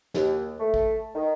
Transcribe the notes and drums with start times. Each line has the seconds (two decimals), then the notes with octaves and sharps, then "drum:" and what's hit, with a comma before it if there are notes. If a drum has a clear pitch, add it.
0.14 D#2, drum: snare
0.59 A3
0.74 drum: kick
1.15 D#3